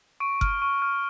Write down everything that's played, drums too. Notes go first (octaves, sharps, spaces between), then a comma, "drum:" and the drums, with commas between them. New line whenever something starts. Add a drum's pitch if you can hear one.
C#6 D7
F6, drum: kick F#1
C#6
F6